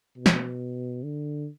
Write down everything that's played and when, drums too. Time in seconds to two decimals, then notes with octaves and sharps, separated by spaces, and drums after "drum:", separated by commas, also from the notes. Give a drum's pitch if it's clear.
0.17 B2
0.26 drum: snare
1.03 D3